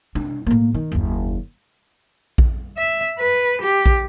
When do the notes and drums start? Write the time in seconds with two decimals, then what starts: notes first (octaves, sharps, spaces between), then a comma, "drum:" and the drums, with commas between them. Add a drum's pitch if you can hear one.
0.15 D4, drum: tom B2
0.47 A2 A#3
0.74 D#3
0.92 F#1 D#2
2.38 drum: kick A#1
2.77 E5
3.19 B4
3.62 G4
3.86 drum: kick A#1